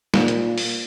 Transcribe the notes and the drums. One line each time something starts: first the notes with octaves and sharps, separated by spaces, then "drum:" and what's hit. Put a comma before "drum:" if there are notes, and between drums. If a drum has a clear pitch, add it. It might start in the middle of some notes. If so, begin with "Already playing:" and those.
A#2, drum: snare
drum: hi-hat
drum: open hi-hat